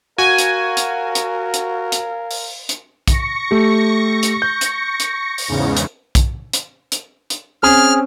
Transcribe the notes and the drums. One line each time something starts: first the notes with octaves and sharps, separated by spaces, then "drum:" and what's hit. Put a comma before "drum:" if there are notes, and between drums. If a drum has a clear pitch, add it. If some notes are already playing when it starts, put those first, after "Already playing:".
F#4 A#4 F5 G#5
drum: hi-hat
drum: hi-hat
drum: hi-hat
drum: hi-hat
drum: hi-hat
drum: open hi-hat
drum: hi-hat
C#6 A#6 C#7, drum: kick B1, hi-hat
A3 G4
drum: hi-hat
G6
drum: hi-hat
drum: hi-hat
drum: open hi-hat
E2 G#2 C#3
drum: hi-hat
drum: kick B1, hi-hat
drum: hi-hat
drum: hi-hat
drum: hi-hat
C4 C#4 G#4 F6